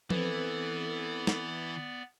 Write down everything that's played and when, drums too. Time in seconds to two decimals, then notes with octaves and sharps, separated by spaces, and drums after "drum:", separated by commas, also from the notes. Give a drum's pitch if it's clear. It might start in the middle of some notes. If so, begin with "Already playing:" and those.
0.10 E3 B3 C4 A4 B4 D5, drum: tom F3
1.27 drum: snare